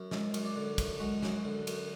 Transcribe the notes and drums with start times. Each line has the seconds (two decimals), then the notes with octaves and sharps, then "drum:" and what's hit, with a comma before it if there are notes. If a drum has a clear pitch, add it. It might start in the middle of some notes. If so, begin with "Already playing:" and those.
Already playing: F#2
0.11 G#3 E4, drum: snare
0.34 F#2, drum: cymbal
0.45 D5
0.56 D3
0.78 F#2 B4, drum: kick, cymbal
1.00 G#3 F#4
1.22 F#2 G#4, drum: snare
1.45 D3
1.67 F#2, drum: cymbal